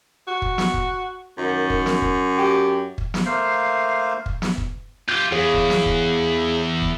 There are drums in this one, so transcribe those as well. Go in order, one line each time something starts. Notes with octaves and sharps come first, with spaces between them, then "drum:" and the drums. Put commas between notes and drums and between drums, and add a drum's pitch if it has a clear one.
F#4
drum: kick
drum: snare
drum: kick
F#2 D#3
drum: kick
drum: snare
drum: kick
G4
drum: kick
drum: snare
A3 A#3 C5 F5
drum: kick
drum: snare
drum: kick
F4 G4 G6
E2 G#4 C#5 F5
drum: kick
drum: snare
drum: kick
drum: kick